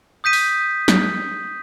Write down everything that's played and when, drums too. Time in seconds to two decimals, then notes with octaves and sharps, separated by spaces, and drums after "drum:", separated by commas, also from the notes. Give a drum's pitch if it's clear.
0.24 D#6 G6 B6 D#7
0.33 drum: open hi-hat
0.88 drum: snare